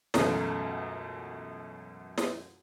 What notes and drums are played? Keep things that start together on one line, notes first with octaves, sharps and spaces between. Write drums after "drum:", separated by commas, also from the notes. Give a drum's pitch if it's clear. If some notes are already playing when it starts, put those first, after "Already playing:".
C#2 F#2 B2 E3 A3, drum: snare
drum: snare